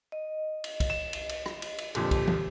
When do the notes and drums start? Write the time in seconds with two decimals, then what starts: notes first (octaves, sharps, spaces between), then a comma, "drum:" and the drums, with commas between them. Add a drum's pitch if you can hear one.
0.12 D#5
0.64 drum: cymbal
0.80 drum: kick, cymbal
0.90 E7
1.13 drum: cymbal
1.29 drum: cymbal
1.46 drum: rim click
1.62 drum: cymbal
1.78 drum: cymbal
1.95 F2 A#2 D3 G4, drum: cymbal
2.11 drum: kick, cymbal
2.27 drum: tom